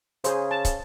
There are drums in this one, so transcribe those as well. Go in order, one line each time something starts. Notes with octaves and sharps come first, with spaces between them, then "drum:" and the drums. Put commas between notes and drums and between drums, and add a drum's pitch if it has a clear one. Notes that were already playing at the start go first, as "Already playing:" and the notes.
C#3 G#4 C5, drum: hi-hat
A5
drum: kick, hi-hat